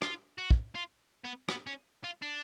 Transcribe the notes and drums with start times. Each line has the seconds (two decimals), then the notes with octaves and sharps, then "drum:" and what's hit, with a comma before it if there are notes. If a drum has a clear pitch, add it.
0.02 F4, drum: rim click
0.38 F#4
0.51 drum: kick
0.75 F4
1.24 B3
1.49 B3, drum: rim click
1.67 C#4
2.04 F4
2.22 D4